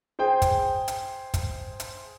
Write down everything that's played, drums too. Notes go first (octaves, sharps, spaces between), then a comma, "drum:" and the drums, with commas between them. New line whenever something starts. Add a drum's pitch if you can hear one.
G#4 C5 G5
drum: kick, hi-hat
drum: hi-hat
drum: kick, hi-hat
drum: hi-hat